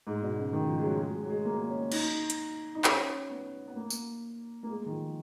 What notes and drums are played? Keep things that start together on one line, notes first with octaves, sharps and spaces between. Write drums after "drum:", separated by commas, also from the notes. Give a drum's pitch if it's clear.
G#2
B2
C#3
D#3
F3
G#3
F#3
G#3
F#3
G#3
A#3
C#4
D#4, drum: cymbal
drum: hi-hat
D#4
C#4, drum: clap
B3
B3
A#3
drum: tambourine
A#3
G#3
D#3
F3